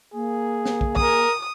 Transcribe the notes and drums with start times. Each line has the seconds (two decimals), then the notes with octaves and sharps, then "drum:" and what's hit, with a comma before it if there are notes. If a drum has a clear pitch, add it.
0.14 A#3 G#4
0.65 drum: snare
0.81 drum: kick
0.96 A#4 D#6, drum: kick